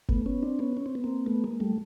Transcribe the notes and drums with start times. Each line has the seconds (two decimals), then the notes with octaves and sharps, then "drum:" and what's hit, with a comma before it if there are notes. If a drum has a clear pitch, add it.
0.09 A3 B3, drum: kick F#1
0.26 B3 C#4
0.43 C4 D4
0.59 B3 C#4
0.77 C#4
0.86 C4
0.95 B3
1.04 A#3 C4
1.26 A3 B3
1.44 G#3 A#3
1.60 G3 A3